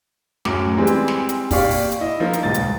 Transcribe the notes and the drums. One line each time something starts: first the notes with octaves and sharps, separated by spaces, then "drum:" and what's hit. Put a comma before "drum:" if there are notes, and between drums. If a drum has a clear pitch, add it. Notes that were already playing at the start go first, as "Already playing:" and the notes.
D1 F#2 A2 D6, drum: snare
E3 G3 G#3 C4
drum: hi-hat
drum: snare
drum: hi-hat
A#2 G4 D5 F5 C#6, drum: kick, open hi-hat
drum: open hi-hat
drum: hi-hat
E4 D#5
F3 A#3 F4
drum: hi-hat
D#1 C#2 A6
drum: hi-hat